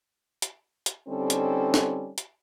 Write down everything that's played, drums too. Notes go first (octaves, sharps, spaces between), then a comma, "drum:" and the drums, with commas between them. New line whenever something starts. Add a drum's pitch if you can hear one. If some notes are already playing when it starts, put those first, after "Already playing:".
drum: hi-hat
drum: hi-hat
D3 G3 C4 C#4 D#4 A4
drum: hi-hat
drum: snare
drum: hi-hat